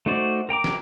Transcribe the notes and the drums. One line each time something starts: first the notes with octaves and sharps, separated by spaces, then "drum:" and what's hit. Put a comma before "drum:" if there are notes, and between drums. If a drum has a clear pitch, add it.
A3 D#4 F#4 C5 D5
A#4 G5 A#5 D6
drum: snare